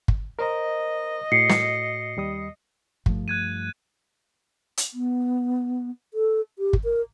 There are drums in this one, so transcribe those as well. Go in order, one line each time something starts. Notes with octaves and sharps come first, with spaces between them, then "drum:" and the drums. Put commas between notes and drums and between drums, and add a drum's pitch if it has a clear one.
drum: kick
A#4 C5 D#5 A#5
A2 F#4 C7 C#7
drum: snare
D#2 G3 D#6
G2 F3 A3, drum: kick
F#6 G#6 D#7
drum: hi-hat
B3
A4
G4
drum: kick
A#4